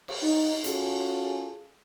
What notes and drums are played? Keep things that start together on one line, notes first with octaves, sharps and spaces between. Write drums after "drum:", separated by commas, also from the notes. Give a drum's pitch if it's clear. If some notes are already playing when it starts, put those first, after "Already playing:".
drum: cymbal
D#4
C#4 F4 F#4 G#4 A4, drum: hi-hat